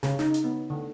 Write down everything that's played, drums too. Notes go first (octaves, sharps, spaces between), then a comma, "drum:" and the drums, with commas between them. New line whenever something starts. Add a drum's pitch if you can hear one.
C#3, drum: snare
D#4, drum: snare
drum: hi-hat
B3
D3